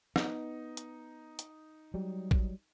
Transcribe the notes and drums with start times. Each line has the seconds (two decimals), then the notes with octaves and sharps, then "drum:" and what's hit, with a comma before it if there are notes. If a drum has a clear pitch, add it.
0.16 B3 D#4, drum: rim click
0.77 drum: hi-hat
1.39 drum: hi-hat
1.94 F#3 G3
2.31 drum: kick